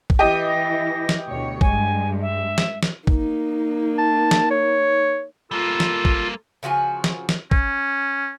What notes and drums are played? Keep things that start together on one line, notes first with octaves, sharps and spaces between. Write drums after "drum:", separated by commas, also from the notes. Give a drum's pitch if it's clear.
drum: kick
E3 G4 D#5 D#7
A#6
drum: snare
D2 B2 C#5
G2 G#3 G#5, drum: kick
E5
drum: snare
drum: snare
A#3 D#4, drum: kick
A5
drum: snare
C#5
G3 A#3 F4 A4
drum: snare
drum: kick
C#3 F3 F#4 G#5
drum: snare
drum: snare
C#4, drum: kick